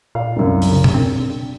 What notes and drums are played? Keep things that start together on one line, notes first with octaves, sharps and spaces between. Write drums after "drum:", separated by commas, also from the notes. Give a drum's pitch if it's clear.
A#2 D5 F5
C2 F#2
drum: open hi-hat
C#3
drum: tom
C4 D4